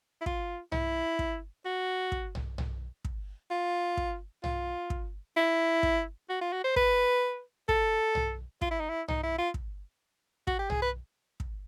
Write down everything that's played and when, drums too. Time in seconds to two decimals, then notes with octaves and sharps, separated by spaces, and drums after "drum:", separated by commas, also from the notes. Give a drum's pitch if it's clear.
0.21 E4
0.26 F4, drum: kick
0.72 E4, drum: tom B1
1.19 drum: kick
1.65 F#4
2.12 drum: kick
2.35 drum: tom B1
2.58 drum: tom B1
3.05 drum: kick
3.51 F4
3.97 drum: kick
4.44 F4, drum: tom B1
4.90 drum: kick
5.37 E4
5.83 drum: kick
6.29 F#4
6.41 F4
6.53 F#4
6.64 C5
6.76 B4, drum: kick
7.69 A4, drum: kick
8.15 drum: tom B1
8.61 F4, drum: kick
8.71 E4
8.80 D#4
8.89 E4
9.08 D#4, drum: tom B1
9.23 E4
9.39 F4
9.54 drum: kick
10.47 F#4, drum: kick
10.59 G4
10.70 G#4, drum: tom B1
10.82 B4
11.40 drum: kick